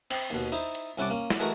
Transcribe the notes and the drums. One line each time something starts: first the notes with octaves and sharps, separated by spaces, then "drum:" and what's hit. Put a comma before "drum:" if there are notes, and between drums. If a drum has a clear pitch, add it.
C4, drum: cymbal
D#2 B2
D#4 E4 C5
drum: hi-hat
C2 C#4 E4 F#5 A5 D6
A#3 C#4
drum: snare
E3 G#3 A3 F#4 A#4